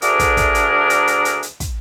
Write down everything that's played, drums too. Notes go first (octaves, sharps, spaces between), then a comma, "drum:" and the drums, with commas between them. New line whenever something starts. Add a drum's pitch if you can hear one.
D2 D4 G#4 A#4, drum: hi-hat
drum: kick, hi-hat
drum: kick, hi-hat
drum: hi-hat
drum: hi-hat
drum: hi-hat
drum: hi-hat
drum: hi-hat
drum: kick, hi-hat